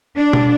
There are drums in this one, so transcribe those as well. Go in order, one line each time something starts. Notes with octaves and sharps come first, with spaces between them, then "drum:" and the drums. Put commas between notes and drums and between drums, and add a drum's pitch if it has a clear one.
D4
drum: tom B2